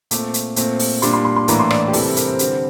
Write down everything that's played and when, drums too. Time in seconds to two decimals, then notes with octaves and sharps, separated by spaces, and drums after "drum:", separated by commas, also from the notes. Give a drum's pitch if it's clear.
0.11 A#2 A3 C4 D6, drum: hi-hat
0.34 drum: hi-hat
0.56 A#2 A3 C4, drum: hi-hat
0.79 drum: open hi-hat
1.02 A#2 G3 D4 C6, drum: hi-hat
1.13 C6
1.25 C6
1.37 C6
1.48 A2 E3 A#3 D4 A#5, drum: hi-hat
1.59 C6
1.70 D5, drum: rim click
1.82 D5
1.88 G4
1.93 C3 E3 G3 C4 A4, drum: open hi-hat
2.05 A4
2.16 A#4, drum: hi-hat
2.28 C5
2.39 D3 G3 C4, drum: hi-hat